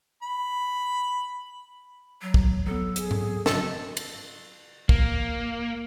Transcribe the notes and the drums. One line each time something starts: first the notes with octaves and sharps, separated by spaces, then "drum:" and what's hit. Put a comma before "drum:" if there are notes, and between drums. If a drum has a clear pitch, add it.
B5
F#3
drum: kick
F#3 B3 A4
G#4, drum: hi-hat
drum: tom G#2
G1 C#3 F#3 A4 D#5, drum: snare
drum: cymbal
A#3, drum: kick